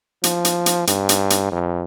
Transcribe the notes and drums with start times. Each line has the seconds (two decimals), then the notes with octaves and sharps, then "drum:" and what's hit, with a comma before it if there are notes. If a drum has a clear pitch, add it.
0.24 F3, drum: hi-hat
0.45 drum: hi-hat
0.66 drum: hi-hat
0.87 G2, drum: hi-hat
1.09 drum: hi-hat
1.30 drum: hi-hat
1.52 F2